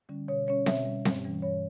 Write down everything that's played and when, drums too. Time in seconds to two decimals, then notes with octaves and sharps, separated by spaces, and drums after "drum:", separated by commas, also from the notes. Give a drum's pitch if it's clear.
0.09 D3 G3 C#4
0.28 B2 C#5
0.47 G3 C#4 C#5
0.66 B2 E5, drum: snare C4
0.85 G3 C#4
1.05 G2, drum: snare C4
1.24 E3 G3 C#4
1.42 G2 C#5